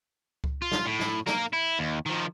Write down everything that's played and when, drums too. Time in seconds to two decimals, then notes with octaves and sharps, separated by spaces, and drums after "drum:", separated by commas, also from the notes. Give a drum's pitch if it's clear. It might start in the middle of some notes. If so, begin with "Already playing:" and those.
0.44 drum: kick C#2
0.62 F4
0.72 drum: snare
0.86 A2
0.99 drum: snare
1.27 A#3 A#4, drum: snare
1.53 E4
1.79 D#2
2.06 D#3 F3